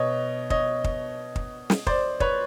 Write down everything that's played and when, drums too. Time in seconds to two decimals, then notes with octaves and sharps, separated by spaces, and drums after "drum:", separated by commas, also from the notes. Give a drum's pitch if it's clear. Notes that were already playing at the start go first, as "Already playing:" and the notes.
Already playing: B2 C#5 D#5
0.50 C#5 D#5, drum: kick
0.84 drum: kick
1.36 drum: kick
1.70 drum: snare
1.87 C5 D5, drum: kick
2.20 B4 C#5, drum: kick